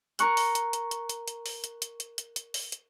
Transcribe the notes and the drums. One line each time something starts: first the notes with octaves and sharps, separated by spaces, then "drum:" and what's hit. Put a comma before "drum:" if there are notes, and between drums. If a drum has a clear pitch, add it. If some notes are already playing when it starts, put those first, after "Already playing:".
A#4 A#5 C#6 F#6, drum: hi-hat
drum: open hi-hat
drum: hi-hat
drum: hi-hat
drum: hi-hat
drum: hi-hat
drum: hi-hat
drum: open hi-hat
drum: hi-hat
drum: hi-hat
drum: hi-hat
drum: hi-hat
drum: hi-hat
drum: open hi-hat
drum: hi-hat